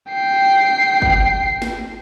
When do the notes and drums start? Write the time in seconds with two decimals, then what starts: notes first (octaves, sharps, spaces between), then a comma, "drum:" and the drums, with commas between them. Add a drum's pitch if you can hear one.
0.11 G5 C7
1.02 drum: kick
1.62 drum: snare